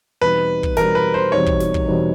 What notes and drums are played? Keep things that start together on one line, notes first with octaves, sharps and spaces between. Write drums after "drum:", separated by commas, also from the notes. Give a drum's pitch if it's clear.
E2 B2 G3 C4 D#4 B4
drum: kick
E2 B2 G3 C4 D#4 A#4, drum: snare
B4
C5
E2 B2 G3 C4 D#4 C#5
drum: kick
drum: snare
drum: kick
E2 B2 G3 C4 D#4